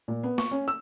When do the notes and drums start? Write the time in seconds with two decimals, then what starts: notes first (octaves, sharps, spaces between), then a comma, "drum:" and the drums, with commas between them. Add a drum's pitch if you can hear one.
0.08 A#2
0.23 B3
0.38 C#6, drum: snare A#3
0.51 C#4
0.68 E6